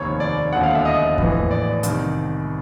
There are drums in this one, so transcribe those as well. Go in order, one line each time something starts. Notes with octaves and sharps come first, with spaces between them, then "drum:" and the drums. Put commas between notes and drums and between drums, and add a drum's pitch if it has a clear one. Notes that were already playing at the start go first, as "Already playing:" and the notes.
Already playing: F1 D#2 D#3 C#5
D5
E1 D#2 D3 F#5
F5
E5
D#5
A#1 A2 E3, drum: kick E2
D5
C2 C3 D#3, drum: hi-hat